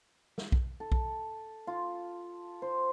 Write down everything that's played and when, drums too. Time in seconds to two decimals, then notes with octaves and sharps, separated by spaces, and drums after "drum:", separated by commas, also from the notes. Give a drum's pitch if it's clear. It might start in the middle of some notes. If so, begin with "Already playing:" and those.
0.38 drum: snare
0.52 drum: kick B1
0.80 A4
0.92 drum: kick B1
1.67 F4
2.62 C5